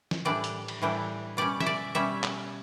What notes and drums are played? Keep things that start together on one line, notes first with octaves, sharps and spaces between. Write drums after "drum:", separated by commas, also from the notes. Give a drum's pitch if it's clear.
drum: snare
A2 E3 G3 D4 D5
drum: hi-hat
drum: cymbal
A2 E3 G3 D4
B2 G3 C#4 D5
E5, drum: snare
D5
B2 G3 C#4 E5
drum: clap